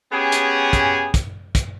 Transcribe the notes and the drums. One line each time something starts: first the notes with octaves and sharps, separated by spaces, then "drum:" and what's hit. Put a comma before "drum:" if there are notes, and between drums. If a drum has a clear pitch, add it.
B3 C#4 G4 G#4
drum: hi-hat
drum: kick, hi-hat
drum: kick, hi-hat
drum: kick, hi-hat